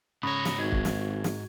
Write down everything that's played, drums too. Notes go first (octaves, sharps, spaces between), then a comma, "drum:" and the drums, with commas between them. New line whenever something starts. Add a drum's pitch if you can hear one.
G#2 C#3 C#5 A#5 B5 C#6 D#6 A#6
drum: snare
G#1 D#4 F#4 G#6
drum: kick
drum: snare
drum: snare